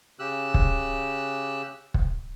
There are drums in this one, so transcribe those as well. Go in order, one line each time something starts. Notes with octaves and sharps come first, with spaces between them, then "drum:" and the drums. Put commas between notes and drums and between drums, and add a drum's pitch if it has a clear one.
C#3 G4 E6 F#6
drum: kick
drum: kick